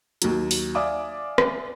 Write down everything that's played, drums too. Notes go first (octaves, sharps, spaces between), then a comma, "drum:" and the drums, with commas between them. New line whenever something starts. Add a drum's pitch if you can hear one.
D#2 F#3, drum: hi-hat
drum: open hi-hat
D5 E5 F5 G#5 D6 D#6
drum: rim click